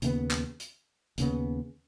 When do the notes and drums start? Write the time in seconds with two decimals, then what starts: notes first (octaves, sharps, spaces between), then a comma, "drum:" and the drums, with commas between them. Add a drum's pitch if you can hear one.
0.02 D#2 C#3 G#3 B3, drum: hi-hat
0.31 drum: clap
0.60 drum: hi-hat
1.18 D#2 C#3 B3, drum: hi-hat